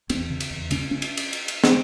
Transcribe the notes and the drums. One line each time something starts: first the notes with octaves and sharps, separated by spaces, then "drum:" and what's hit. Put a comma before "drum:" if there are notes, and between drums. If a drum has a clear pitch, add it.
E2 C4, drum: cymbal
C#3
drum: cymbal
E2
C#3 C#4, drum: cymbal
C#4
drum: cymbal
drum: cymbal
drum: cymbal
drum: cymbal
drum: snare